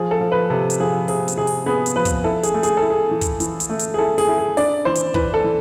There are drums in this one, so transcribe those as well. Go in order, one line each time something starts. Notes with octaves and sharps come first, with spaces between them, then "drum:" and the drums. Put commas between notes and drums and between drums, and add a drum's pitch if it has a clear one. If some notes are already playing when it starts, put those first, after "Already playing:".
Already playing: F3 G#4
A4
F3
B4
C3 A4
drum: hi-hat
F3 G#4
C3 G#4, drum: open hi-hat
drum: hi-hat
C3 G#4
drum: open hi-hat
B3 G#4
drum: hi-hat
F3 B4
drum: kick, hi-hat
E4 A4
G#4, drum: hi-hat
A3
G#4, drum: hi-hat
E4 A4
G#4
E3
drum: kick, hi-hat
E3, drum: hi-hat
drum: hi-hat
A3
drum: hi-hat
G#4
E4 A4
G#4, drum: open hi-hat
E4
G#4
D4 D5, drum: open hi-hat
E3 C5
drum: hi-hat
E3 B4, drum: kick
A4
E3